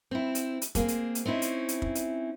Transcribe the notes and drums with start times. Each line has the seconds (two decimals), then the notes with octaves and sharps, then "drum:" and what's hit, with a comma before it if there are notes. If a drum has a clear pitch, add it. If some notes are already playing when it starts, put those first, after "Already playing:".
0.11 C4 E4
0.35 drum: hi-hat
0.62 drum: hi-hat
0.75 A#3 C4 G#4, drum: kick, hi-hat
0.88 drum: hi-hat
1.15 drum: hi-hat
1.26 C4 C#4 D#4 E4
1.42 drum: hi-hat
1.69 drum: hi-hat
1.82 drum: kick
1.95 drum: hi-hat